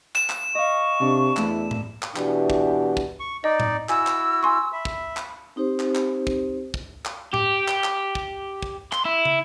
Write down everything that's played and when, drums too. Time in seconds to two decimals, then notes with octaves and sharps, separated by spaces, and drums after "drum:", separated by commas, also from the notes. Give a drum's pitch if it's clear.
0.15 E7, drum: clap
0.30 drum: clap
0.55 D#5 F5 C#6
1.01 C3 D4
1.37 E2 A3 E4, drum: clap
1.71 drum: tom A2
2.02 drum: clap
2.16 E2 B2 E3 D4 F#4 G4, drum: clap
2.50 drum: kick
2.97 drum: kick
3.20 C#6
3.44 D#4 D5 D#5
3.60 drum: tom A2
3.89 E4 F#4 G#5 E6, drum: clap
4.07 drum: clap
4.43 G#5 C6 C#6
4.73 E5 B5
4.85 drum: kick
5.17 drum: clap
5.56 C4 D#4 G4 C5
5.80 drum: clap
5.95 drum: clap
6.27 drum: kick
6.74 drum: kick
7.05 drum: clap
7.34 G4, drum: tom A2
7.68 drum: clap
7.84 drum: clap
8.15 drum: kick
8.62 drum: kick
8.93 C6, drum: clap
9.05 E4
9.25 drum: tom